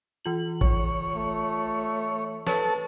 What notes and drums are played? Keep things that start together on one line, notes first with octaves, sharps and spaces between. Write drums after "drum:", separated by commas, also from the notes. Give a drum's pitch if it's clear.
E3 F4 F#7
C#5, drum: kick
A3
A4 B4 C#5 C#6, drum: snare